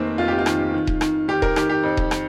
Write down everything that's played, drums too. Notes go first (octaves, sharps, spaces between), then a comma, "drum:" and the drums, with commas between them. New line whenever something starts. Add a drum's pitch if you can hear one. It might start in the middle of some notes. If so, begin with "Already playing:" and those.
Already playing: F1 D#3 A#3 C4
F1 F4
G4
F4
D#3, drum: rim click
D#3
drum: kick D#1
D#3, drum: rim click
D#3 G4
A#4, drum: kick D#1
D#3 G4, drum: rim click
G4
F2
drum: kick D#1
drum: rim click